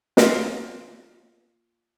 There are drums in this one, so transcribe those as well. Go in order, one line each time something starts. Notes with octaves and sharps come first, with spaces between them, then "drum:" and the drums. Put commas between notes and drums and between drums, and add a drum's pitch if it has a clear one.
A#3 F4 F5, drum: snare